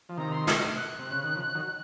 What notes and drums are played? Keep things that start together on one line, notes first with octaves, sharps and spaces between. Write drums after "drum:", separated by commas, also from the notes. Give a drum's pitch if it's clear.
F3
C3 D#3 A#5
C6
C#6, drum: snare
F6
F#6
C3
C#3
D#3
C#3 F3
D#3 F#3